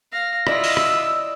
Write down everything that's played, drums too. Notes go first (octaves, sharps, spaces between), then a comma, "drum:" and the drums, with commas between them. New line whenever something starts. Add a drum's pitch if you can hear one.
F5 A#6
E4 F4 D5 D#5, drum: rim click
drum: open hi-hat
E6, drum: rim click